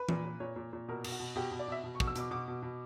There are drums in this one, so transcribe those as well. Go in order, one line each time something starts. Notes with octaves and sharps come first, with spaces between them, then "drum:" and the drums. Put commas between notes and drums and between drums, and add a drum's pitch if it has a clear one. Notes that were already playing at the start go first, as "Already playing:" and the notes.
Already playing: B4
A#2, drum: tom E3
A#2
A#2 C#5
A#2
A#2
B2 A#4
B2, drum: cymbal
F#4
B2
B2 G4
B2
D5
B2 E5
B2
C#6
B2, drum: kick
E6
B2 D6, drum: hi-hat
B2 D6
B2
B2